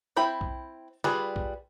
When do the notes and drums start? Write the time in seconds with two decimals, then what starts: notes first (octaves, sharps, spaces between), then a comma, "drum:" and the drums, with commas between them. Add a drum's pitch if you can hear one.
0.16 C4 E4 G5 B5
0.41 drum: kick B1
1.04 G3 F4 G#4 B4, drum: snare
1.36 drum: kick B1